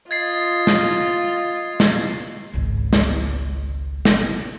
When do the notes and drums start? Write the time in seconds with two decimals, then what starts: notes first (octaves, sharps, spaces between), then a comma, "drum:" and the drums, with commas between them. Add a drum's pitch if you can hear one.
0.11 F4 D#5 G#6 A6 C7
0.67 drum: snare
1.80 drum: snare
2.54 G#1 C#2
2.93 drum: snare
4.05 drum: snare